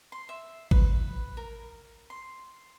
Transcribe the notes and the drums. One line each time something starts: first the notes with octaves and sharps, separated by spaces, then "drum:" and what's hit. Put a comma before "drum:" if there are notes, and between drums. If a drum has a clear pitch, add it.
C6
E5
B4, drum: kick G#1
A#4
C6